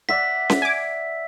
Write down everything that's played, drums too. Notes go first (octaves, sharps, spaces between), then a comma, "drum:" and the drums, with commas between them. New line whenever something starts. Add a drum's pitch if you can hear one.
D5 E5 F#5 B6
drum: snare C#4
G#5 D6